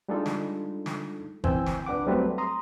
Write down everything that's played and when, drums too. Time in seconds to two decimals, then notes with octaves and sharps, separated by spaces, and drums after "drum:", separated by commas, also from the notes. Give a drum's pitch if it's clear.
0.08 G3 G#3 D4 D#4 F4 A4
0.26 drum: snare
0.86 drum: snare
1.44 E3 C4 G5 G#5 E6 G6, drum: kick
1.66 drum: snare
1.86 C#2 D4 B4 F#5 D6
2.07 F#3 G3 A3 C4 B4
2.38 A#5 C6 D#6